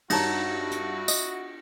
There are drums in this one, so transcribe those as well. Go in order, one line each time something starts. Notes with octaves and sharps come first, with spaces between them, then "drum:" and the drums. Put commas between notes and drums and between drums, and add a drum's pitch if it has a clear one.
G2 D#4 E4 F#4 A#4 C#5 A5 A#6, drum: cymbal
drum: hi-hat
D#5, drum: tambourine